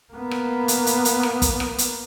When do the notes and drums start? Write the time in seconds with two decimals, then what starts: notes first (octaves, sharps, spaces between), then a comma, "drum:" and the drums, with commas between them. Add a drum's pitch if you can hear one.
0.13 A#3 B3
0.31 drum: rim click
0.68 drum: hi-hat
0.87 drum: hi-hat
1.05 drum: hi-hat
1.23 drum: rim click
1.42 drum: kick, hi-hat
1.60 drum: rim click
1.78 drum: hi-hat